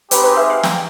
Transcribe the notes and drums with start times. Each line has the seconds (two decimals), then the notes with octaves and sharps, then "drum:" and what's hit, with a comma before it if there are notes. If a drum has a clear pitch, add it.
0.11 G#3 C4 D#4 G4 B4, drum: hi-hat
0.24 B4
0.37 E5
0.50 F5
0.63 G5, drum: snare